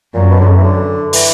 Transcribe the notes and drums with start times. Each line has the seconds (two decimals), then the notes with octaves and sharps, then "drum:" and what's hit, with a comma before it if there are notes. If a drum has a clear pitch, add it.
0.14 F#2 A#2
0.30 B2
0.40 D3
0.48 C#3
0.55 E3
0.63 D3
1.13 E3, drum: open hi-hat